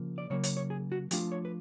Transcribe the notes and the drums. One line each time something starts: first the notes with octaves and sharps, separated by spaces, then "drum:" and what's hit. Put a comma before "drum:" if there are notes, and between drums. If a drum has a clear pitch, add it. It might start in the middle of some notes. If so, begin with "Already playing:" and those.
Already playing: C#3 F3 A#3
D5
C#3 F#3 A#3 C#5
C#5, drum: hi-hat
C#5
G#4
F#4
F3 A3 D4 F4 G4, drum: hi-hat
C#5
B4